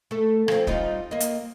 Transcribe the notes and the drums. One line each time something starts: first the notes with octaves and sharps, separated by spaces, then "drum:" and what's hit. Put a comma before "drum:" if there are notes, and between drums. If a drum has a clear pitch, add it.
A3 A4
F3 C4, drum: rim click
G3 D#4 F4, drum: kick
A#3 D#5
drum: hi-hat